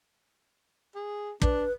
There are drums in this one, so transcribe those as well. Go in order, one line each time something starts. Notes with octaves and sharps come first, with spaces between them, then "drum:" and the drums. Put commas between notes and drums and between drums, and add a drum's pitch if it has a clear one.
G#4
D4 B4, drum: kick